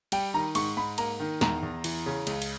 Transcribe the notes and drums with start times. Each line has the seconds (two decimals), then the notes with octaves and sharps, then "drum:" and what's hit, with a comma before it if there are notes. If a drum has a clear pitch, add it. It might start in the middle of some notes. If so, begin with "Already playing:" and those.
0.12 G3 G5, drum: cymbal
0.34 D#3 A#5
0.55 G#2 C#6, drum: cymbal
0.77 G#2 B5
0.98 A#3 A#5, drum: cymbal
1.20 D#3
1.41 E2 A#5, drum: snare
1.63 E2
1.84 E3, drum: cymbal
2.06 C#3
2.27 C#2, drum: cymbal
2.42 drum: cymbal